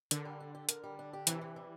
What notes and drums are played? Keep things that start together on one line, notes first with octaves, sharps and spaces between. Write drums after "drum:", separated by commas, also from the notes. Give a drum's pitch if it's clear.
D3 A#4, drum: hi-hat
G3
D4
G4
A#4, drum: hi-hat
G3
D4
G4
C3 E3, drum: hi-hat
C3
G3